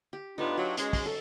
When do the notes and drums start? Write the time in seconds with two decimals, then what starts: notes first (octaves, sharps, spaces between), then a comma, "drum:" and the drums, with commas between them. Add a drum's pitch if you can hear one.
0.13 G4
0.38 A2 B3 D4 D#4 F4 G4 B4
0.57 F#3 F#4
0.77 G#3 C#4 D#4, drum: hi-hat
0.93 drum: kick, open hi-hat
1.06 A4